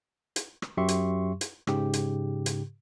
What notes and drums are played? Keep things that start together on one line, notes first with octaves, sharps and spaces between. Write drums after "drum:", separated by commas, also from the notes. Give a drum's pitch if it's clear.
drum: hi-hat
drum: rim click
F#2 F#3 G4 E5 C6 C#6
drum: hi-hat
drum: hi-hat
G#2 C#3 G4, drum: rim click
drum: hi-hat
drum: hi-hat